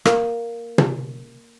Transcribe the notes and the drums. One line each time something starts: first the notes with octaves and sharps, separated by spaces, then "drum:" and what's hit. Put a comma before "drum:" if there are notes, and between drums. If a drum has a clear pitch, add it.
A#3, drum: rim click
drum: tom